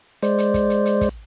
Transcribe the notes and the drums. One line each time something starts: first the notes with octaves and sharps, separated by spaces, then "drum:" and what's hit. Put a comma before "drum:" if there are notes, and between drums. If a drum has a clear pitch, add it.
G#3 C5 D5, drum: hi-hat
drum: hi-hat
drum: kick, hi-hat
drum: hi-hat
drum: hi-hat
drum: kick, hi-hat